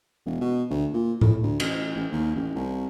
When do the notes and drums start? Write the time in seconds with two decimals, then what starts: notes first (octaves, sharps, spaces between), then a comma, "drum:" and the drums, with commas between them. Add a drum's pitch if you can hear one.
0.25 E1
0.41 B2
0.70 D2
0.93 A#2
1.21 A2, drum: tom A2
1.43 D2
1.60 A1, drum: cymbal
1.96 A1
2.12 D#2
2.36 A1
2.55 C2